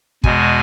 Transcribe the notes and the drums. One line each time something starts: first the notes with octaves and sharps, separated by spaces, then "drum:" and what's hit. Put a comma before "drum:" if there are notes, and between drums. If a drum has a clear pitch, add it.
E2 B2 G#3 G#5, drum: kick